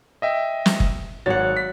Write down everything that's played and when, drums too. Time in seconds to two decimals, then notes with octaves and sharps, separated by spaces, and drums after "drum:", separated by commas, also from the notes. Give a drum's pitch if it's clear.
0.22 D#5 E5 G5
0.66 drum: snare
0.80 drum: kick F#1
1.26 G#1 F#3 C#5 F#5 A6
1.57 B6